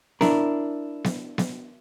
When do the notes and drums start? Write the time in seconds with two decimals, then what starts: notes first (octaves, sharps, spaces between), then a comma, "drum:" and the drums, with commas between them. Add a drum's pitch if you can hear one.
0.21 D4 E4 A#4, drum: snare B3
1.04 drum: snare B3
1.38 drum: snare B3